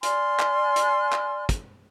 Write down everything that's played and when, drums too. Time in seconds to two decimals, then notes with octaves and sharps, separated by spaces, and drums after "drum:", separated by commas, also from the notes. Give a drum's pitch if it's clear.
0.03 D5 G#5 C6 F6, drum: hi-hat
0.39 drum: clap
0.76 drum: hi-hat
1.12 drum: clap
1.49 drum: kick, hi-hat